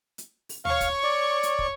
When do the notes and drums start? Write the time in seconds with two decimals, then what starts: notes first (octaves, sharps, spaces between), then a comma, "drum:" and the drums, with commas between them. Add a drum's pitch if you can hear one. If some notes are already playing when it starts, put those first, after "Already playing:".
0.18 drum: hi-hat
0.49 drum: open hi-hat
0.65 C#5 F5 C#6, drum: tom D2
0.81 drum: kick, hi-hat
1.04 D5
1.43 drum: hi-hat
1.59 drum: kick